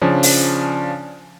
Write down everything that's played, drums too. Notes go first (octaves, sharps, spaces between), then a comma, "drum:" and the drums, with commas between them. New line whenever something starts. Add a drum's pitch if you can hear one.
C#3 F3 C#4 D4
drum: open hi-hat